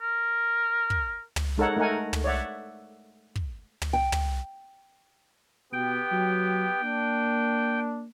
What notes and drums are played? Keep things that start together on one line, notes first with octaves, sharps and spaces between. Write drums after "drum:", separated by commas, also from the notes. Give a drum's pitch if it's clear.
A#4
drum: kick
drum: tom
G#3 D#4 A4 A#4 C#5 F#5
A3 D#4 A#4 F#5 G#5
drum: tom
C#5 D5 E5 F#5
drum: kick
drum: tom
G5
drum: tom
B2 B3 G4 G5
F#3
A#3 D4